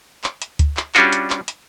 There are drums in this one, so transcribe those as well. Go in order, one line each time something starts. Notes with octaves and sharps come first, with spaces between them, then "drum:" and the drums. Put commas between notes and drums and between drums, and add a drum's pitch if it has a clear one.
drum: clap
drum: hi-hat
drum: kick D2, hi-hat
drum: clap
G3 C#4 D4 F4 F#4, drum: clap
drum: hi-hat
drum: clap
drum: hi-hat